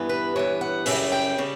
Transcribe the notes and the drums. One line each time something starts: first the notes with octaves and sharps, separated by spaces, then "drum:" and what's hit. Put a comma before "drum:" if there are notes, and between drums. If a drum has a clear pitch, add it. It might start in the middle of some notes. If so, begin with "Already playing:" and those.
Already playing: G2 E3 B3
B4
G2 E3 B3 C#5
F#5
F#2 C#3 G3 E5, drum: open hi-hat
G5
C#3 G3